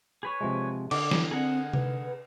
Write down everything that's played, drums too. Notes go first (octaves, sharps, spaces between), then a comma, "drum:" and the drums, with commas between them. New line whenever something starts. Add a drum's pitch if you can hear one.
G#4 B4 C#5
C3 F3 G#3
D3 D6, drum: cymbal
drum: snare
C4 G#4 A#4 F#5
B4, drum: tom C3